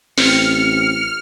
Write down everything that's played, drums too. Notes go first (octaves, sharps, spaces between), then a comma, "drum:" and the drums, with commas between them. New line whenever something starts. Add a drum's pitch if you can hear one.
A1 C4 F6 C#7, drum: open hi-hat